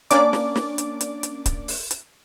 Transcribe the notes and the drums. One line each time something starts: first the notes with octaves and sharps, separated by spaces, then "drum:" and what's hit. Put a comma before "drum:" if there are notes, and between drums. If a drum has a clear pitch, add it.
A#3 C#4 D4 D5 D6, drum: hi-hat
drum: snare
drum: snare
drum: hi-hat
drum: hi-hat
drum: hi-hat
drum: kick C#1, hi-hat
drum: open hi-hat
drum: hi-hat